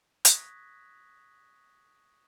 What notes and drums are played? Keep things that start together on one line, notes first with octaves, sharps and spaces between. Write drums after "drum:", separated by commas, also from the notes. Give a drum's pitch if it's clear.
C#6 D#6 F#6 G#6 A#6 B6, drum: hi-hat